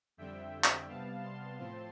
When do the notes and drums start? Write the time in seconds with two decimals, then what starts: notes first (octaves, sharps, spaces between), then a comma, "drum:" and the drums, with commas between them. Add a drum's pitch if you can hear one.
0.17 F2 D3 G3 C4 E5 G5
0.64 drum: clap
0.88 C3 G3 B3 F5 A5
1.23 A5 C6
1.58 A2 F3 C4